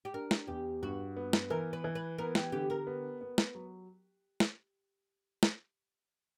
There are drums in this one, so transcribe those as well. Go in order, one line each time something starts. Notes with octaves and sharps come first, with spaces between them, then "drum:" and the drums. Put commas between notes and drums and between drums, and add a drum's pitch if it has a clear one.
G4
D4 A#4
drum: snare
E2 G4
G2 F#4
B3
drum: snare
E3 A#4
B4
E3
B4
B3 A#4
G4, drum: snare
D3 G4
A#4
B3
B3
drum: snare
F#3
drum: snare
drum: snare